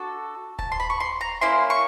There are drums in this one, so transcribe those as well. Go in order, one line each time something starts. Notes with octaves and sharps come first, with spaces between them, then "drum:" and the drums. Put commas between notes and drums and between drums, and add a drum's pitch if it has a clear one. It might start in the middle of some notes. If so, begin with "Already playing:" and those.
Already playing: D4 F#4 A4 A5
A5, drum: kick D#1
C6
B5
C#6
C6
A#5
A#3 C#4 E4 C6
C#6